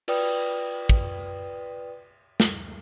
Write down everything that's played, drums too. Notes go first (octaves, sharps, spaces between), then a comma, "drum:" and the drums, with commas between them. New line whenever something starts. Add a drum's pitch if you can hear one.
F4 B4 D5 G5 D#6, drum: cymbal
drum: kick
drum: snare